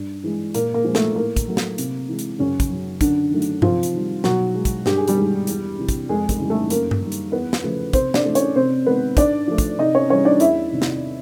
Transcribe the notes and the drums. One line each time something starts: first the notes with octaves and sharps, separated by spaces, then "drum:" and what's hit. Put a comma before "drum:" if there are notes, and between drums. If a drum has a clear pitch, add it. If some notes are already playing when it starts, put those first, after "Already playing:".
Already playing: G2
E3 G#3
A#2 A#3, drum: hi-hat
A#3
F3 G#3
A3, drum: snare
A2 A#3
drum: kick, hi-hat
F#3 A3
drum: snare
C3, drum: hi-hat
E3 G#3
drum: hi-hat
F#2 C#3 C#4
drum: kick, hi-hat
C#3 F#3
F#2 D3 D4, drum: kick, hi-hat
D#3 F#3 A3
drum: hi-hat
C3 F3 F4, drum: tom G2
drum: hi-hat
D#3 G3
B2 F#3 F#4, drum: snare
G#3
drum: kick, hi-hat
G2 G4, drum: snare
G#4
G3 G4, drum: hi-hat
D#3 G#3
E2, drum: hi-hat
C3 E3
drum: kick, hi-hat
F2 G#3 G#4
G#3 G#4, drum: kick, hi-hat
C#3 E3 G3
A3 A4
F#2 A#3 A#4, drum: hi-hat
drum: tom G2
D#3 G3
drum: hi-hat
E2 B3 B4
drum: snare
C#3 F3 A3
C3 C4 C5, drum: kick, hi-hat
D4 D5, drum: snare
E3 A3
C#4 C#5, drum: hi-hat
C3 C4 C5
D#3 G#3 B3 B4
G#2 D4 D5, drum: kick, hi-hat
F3 A3
drum: kick, hi-hat
C3 D#4 D#5
C#4 C#5
E3 G3 C#4 C#5
D4 D5
E2 E4 E5, drum: hi-hat
C3 D#3
drum: snare